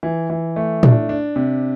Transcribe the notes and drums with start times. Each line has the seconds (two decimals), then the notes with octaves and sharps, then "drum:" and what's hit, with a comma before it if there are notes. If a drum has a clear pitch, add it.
0.03 E3
0.30 E3
0.56 A3
0.83 D4, drum: tom
1.09 D4
1.36 C3